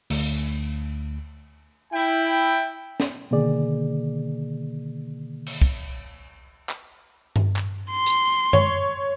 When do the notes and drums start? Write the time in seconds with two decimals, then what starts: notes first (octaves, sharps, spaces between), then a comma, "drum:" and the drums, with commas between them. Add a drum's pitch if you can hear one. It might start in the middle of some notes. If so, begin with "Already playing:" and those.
0.10 D2, drum: cymbal
1.93 E4 G5
3.00 drum: snare
3.31 B2 D3 D#3 A#3 G#4 D5
5.46 drum: cymbal
5.62 drum: kick
6.69 drum: clap
7.36 drum: tom G2
7.56 drum: clap
7.91 C6
8.06 drum: hi-hat
8.53 C#5, drum: tom F#2